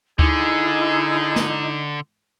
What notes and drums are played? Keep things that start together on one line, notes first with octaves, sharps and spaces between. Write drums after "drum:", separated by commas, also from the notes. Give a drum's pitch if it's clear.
D3 D#4 E4 G#4, drum: kick D2
drum: snare